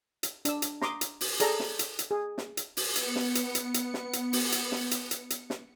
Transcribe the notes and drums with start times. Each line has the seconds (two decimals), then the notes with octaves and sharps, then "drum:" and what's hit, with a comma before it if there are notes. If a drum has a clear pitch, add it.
0.23 drum: hi-hat
0.45 D4 E6, drum: hi-hat
0.62 drum: hi-hat
0.82 A#5 C6 D6 D#6, drum: snare
1.01 drum: hi-hat
1.21 drum: open hi-hat
1.40 G#4 A4 D5 A#5, drum: hi-hat
1.60 drum: snare
1.79 drum: hi-hat
1.99 drum: hi-hat
2.11 G#4
2.38 drum: snare
2.57 drum: hi-hat
2.77 drum: open hi-hat
2.96 B3 C#7, drum: hi-hat
3.16 drum: snare
3.35 drum: hi-hat
3.55 drum: hi-hat
3.74 drum: hi-hat
3.94 drum: snare
4.13 drum: hi-hat
4.33 drum: open hi-hat
4.52 drum: hi-hat
4.72 drum: snare
4.91 drum: hi-hat
5.11 drum: hi-hat
5.30 drum: hi-hat
5.50 drum: snare